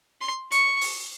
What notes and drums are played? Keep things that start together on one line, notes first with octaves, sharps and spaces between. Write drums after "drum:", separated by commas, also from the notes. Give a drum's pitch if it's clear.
C6
C#6, drum: hi-hat
drum: open hi-hat